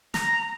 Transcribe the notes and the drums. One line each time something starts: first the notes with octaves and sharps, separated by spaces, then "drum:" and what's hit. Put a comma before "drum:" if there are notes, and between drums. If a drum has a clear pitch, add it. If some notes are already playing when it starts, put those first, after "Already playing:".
A#5, drum: snare